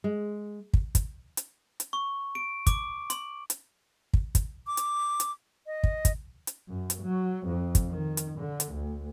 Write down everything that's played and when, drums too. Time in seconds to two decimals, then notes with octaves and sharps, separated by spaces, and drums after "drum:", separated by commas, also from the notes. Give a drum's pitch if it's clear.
0.04 G#3
0.74 drum: kick
0.95 drum: kick, hi-hat
1.37 drum: hi-hat
1.80 drum: hi-hat
1.93 C#6
2.35 D7
2.67 D6, drum: kick, hi-hat
3.10 C6, drum: hi-hat
3.50 drum: hi-hat
4.14 drum: kick
4.35 drum: kick, hi-hat
4.66 D6
4.77 drum: hi-hat
5.20 drum: hi-hat
5.67 D#5
5.84 drum: kick
6.05 drum: kick, hi-hat
6.47 drum: hi-hat
6.69 F#2
6.90 drum: hi-hat
7.03 F#3
7.47 F2
7.75 drum: kick, hi-hat
7.90 D#3
8.17 drum: hi-hat
8.39 D3
8.60 drum: hi-hat
8.73 D2